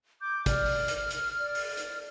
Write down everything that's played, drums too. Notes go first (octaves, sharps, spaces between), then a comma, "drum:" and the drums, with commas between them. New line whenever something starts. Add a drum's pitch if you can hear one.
D6 G6
D5 F6, drum: kick, hi-hat
drum: open hi-hat
drum: hi-hat
drum: hi-hat
D5
drum: open hi-hat
drum: hi-hat